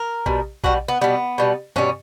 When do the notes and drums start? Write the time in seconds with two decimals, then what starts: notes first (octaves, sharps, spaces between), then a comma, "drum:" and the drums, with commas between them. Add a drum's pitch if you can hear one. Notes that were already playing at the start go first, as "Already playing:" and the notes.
Already playing: A#4
0.26 B2 G3, drum: kick A#1
0.64 B2 G3 F#4, drum: kick A#1
0.88 B3
1.01 B2 G3 B3
1.38 B2 G3
1.76 B2 G3 C#4, drum: tom G2